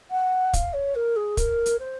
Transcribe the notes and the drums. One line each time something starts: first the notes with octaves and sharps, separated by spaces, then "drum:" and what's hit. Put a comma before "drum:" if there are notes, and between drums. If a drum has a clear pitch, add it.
F#5
F5, drum: kick, hi-hat
C#5
A#4
G#4
A#4, drum: kick, hi-hat
drum: hi-hat
C5